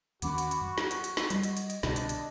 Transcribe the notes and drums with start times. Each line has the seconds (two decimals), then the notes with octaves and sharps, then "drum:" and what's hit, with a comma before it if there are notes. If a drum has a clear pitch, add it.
0.22 D#2 D#3 C#4 F#4 F#5 B5 D6, drum: hi-hat
0.38 drum: hi-hat
0.51 drum: hi-hat
0.61 F#2 C#6
0.78 drum: snare
0.91 drum: hi-hat
1.04 drum: hi-hat
1.17 drum: snare
1.30 G3 D#5, drum: hi-hat
1.43 drum: hi-hat
1.57 drum: hi-hat
1.70 drum: hi-hat
1.83 C2 B2 D3 D4 D#5, drum: snare
1.96 drum: hi-hat
2.09 drum: hi-hat